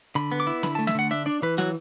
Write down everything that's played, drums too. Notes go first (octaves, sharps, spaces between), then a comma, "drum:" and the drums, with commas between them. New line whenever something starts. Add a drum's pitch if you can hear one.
D3 B5
B3
D6
E4
D3 B5, drum: snare
A5
A3
E5, drum: snare
D3 F#5
D4 E5
D4 D5
E3 B4
F#3 F#4, drum: snare